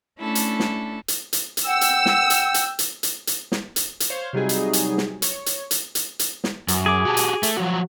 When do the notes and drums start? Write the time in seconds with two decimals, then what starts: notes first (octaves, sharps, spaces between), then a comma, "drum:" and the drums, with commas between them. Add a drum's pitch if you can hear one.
0.20 A3 C#4 D4 E4 A4
0.35 drum: hi-hat
0.60 drum: snare
1.08 drum: hi-hat
1.33 drum: hi-hat
1.57 drum: hi-hat
1.66 F#5 G5 E6
1.81 drum: hi-hat
2.06 drum: snare
2.30 drum: hi-hat
2.54 drum: hi-hat
2.79 drum: hi-hat
3.03 drum: hi-hat
3.27 drum: hi-hat
3.52 drum: snare
3.76 drum: hi-hat
4.00 drum: hi-hat
4.10 C5 C#5 F5
4.33 C3 F#3 G3 D#4 G#4
4.49 drum: hi-hat
4.73 drum: hi-hat
4.98 drum: snare
5.22 C#5, drum: hi-hat
5.46 drum: hi-hat
5.71 drum: hi-hat
5.95 drum: hi-hat
6.19 drum: hi-hat
6.44 drum: snare
6.68 F#2, drum: hi-hat
6.86 G#4 D6
7.05 F#4 G4 A5
7.17 drum: hi-hat
7.43 A3, drum: hi-hat
7.57 F3 F#3 F#4